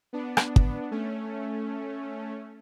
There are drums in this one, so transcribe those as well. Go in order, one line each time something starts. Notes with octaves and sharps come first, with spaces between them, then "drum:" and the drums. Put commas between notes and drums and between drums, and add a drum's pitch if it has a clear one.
B3 D4
drum: rim click
drum: kick
A3 C#4